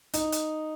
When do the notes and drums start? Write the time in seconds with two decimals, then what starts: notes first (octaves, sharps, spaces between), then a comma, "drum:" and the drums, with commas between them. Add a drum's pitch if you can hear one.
0.14 D#4, drum: hi-hat
0.32 drum: hi-hat